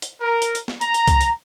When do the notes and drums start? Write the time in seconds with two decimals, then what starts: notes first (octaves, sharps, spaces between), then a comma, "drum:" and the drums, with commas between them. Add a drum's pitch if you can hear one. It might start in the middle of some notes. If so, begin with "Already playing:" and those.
0.02 drum: hi-hat
0.21 A#4
0.42 drum: hi-hat
0.55 drum: hi-hat
0.68 drum: snare
0.81 A#5, drum: hi-hat
0.94 drum: hi-hat
1.07 drum: kick C2, hi-hat
1.21 drum: hi-hat